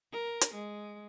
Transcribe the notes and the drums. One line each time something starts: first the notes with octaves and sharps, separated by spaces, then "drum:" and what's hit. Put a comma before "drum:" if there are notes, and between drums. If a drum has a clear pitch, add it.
A#4
drum: hi-hat
G#3